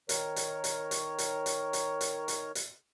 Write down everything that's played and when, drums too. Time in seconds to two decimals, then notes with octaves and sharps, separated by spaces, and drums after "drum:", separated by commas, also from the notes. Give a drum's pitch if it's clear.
0.09 D#3 A#4 C#5, drum: hi-hat
0.36 drum: hi-hat
0.64 drum: hi-hat
0.91 drum: hi-hat
1.18 drum: hi-hat
1.46 drum: hi-hat
1.73 drum: hi-hat
2.01 drum: hi-hat
2.28 drum: hi-hat
2.55 drum: hi-hat